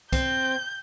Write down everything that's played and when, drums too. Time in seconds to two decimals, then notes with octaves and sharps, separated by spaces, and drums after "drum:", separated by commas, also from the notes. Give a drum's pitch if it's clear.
0.12 C4 G6, drum: kick C2, hi-hat